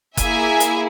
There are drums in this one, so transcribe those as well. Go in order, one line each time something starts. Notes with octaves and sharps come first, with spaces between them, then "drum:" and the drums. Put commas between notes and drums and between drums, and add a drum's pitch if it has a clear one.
A#3 E4 G#4 E5 G#5, drum: kick F#1, hi-hat
drum: hi-hat